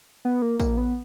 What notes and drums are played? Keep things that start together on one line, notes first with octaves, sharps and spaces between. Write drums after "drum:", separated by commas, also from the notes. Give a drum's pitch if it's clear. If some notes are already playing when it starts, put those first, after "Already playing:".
B3
A#3
A#3, drum: kick, tambourine
B3